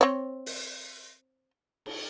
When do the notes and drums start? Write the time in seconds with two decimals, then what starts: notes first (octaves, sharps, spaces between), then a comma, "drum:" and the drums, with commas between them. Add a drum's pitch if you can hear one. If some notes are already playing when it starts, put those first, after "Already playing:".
0.01 C4 C#5
0.46 drum: open hi-hat
1.86 drum: cymbal